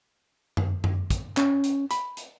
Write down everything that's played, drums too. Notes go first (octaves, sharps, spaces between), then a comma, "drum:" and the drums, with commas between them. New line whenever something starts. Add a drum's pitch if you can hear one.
drum: tom F#2
drum: tom F#2
drum: kick, hi-hat
C#4, drum: clap
drum: hi-hat
B5, drum: hi-hat
drum: hi-hat